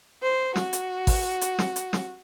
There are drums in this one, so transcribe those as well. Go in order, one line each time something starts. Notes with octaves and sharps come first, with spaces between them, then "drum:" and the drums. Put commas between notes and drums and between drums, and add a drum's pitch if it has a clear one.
C5
F#4, drum: snare
drum: hi-hat
drum: kick G#1, open hi-hat
drum: hi-hat
drum: snare
drum: hi-hat
drum: snare